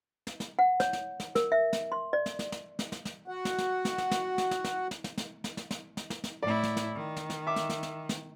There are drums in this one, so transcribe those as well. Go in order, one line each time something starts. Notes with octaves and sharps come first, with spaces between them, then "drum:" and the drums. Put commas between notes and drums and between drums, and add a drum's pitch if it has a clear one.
drum: snare
drum: snare
F#5
C#5, drum: snare
drum: snare
drum: snare
A#4, drum: snare
E5
drum: snare
C6
D5
drum: snare
drum: snare
drum: snare
drum: snare
drum: snare
drum: snare
F#4 F#5
drum: snare
drum: snare
drum: snare
drum: snare
drum: snare
drum: snare
drum: snare
drum: snare
drum: snare
drum: snare
drum: snare
drum: snare
drum: snare
drum: snare
drum: snare
drum: snare
drum: snare
A2 E4 D5
drum: snare
drum: snare
D#3
drum: snare
drum: snare
E5 D6
drum: snare
drum: snare
drum: snare
drum: snare